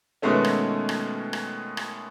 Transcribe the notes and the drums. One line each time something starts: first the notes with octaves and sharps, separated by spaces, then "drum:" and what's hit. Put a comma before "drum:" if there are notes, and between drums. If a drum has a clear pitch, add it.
B2 D#3 G#3 A3 C#4
drum: rim click
drum: rim click
drum: rim click
drum: rim click